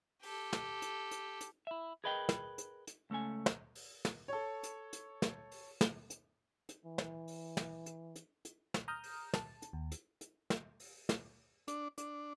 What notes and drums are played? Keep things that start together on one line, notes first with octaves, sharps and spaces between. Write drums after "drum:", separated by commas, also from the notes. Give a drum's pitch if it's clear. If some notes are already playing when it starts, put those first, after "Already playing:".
G4 A4, drum: open hi-hat
drum: snare
drum: hi-hat
drum: hi-hat
drum: hi-hat
E4 E5
G#4 A#4 B4 D#5 F5 G5
drum: snare
drum: hi-hat
drum: hi-hat
C#2 A3 C#4 A4 G#5
drum: snare
drum: open hi-hat
drum: snare
A4 C#5
drum: hi-hat
drum: hi-hat
drum: snare
drum: open hi-hat
drum: snare
drum: hi-hat
drum: hi-hat
E3
drum: snare
drum: open hi-hat
drum: snare
drum: hi-hat
drum: hi-hat
drum: hi-hat
drum: snare
A#5 D#6 F6 G6
drum: open hi-hat
A5, drum: snare
drum: hi-hat
D#2
drum: hi-hat
drum: hi-hat
drum: snare
drum: open hi-hat
drum: snare
D4, drum: hi-hat
D4, drum: hi-hat